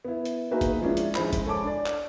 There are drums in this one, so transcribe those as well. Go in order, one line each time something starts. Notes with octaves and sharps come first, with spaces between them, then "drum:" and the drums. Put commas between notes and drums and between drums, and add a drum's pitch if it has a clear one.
B3 E4
drum: hi-hat
A#3 D#4 F#4 G#4 B4 E5
drum: kick, hi-hat
F3 G#3 C#4 D4 E4
drum: hi-hat
F1 G#3 E4 C5 B5, drum: clap
drum: kick, hi-hat
A4 C#5 G#5 A5 D6
D4 D5
drum: clap